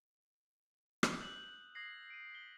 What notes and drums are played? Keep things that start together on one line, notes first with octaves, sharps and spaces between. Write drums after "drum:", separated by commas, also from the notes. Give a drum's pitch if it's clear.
drum: rim click
D#6 E6 F#6 G6 F#7
F#6
D#6 G#6 A#6 C7 F#7
D7 D#7
G#6 B6 G7